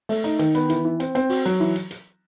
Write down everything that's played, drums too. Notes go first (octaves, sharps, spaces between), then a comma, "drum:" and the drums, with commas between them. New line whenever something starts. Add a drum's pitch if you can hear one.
A3, drum: open hi-hat
D#4, drum: hi-hat
D#3, drum: hi-hat
B3, drum: hi-hat
E3, drum: hi-hat
E3
C4, drum: hi-hat
C4, drum: hi-hat
F#4, drum: open hi-hat
F#3, drum: hi-hat
E3
drum: hi-hat
drum: hi-hat